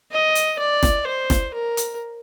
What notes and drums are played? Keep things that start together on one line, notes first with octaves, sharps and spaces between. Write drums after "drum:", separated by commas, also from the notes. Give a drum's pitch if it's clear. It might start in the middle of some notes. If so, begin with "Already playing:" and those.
D#5
drum: hi-hat
D5
drum: snare
C5
drum: snare
A#4
drum: hi-hat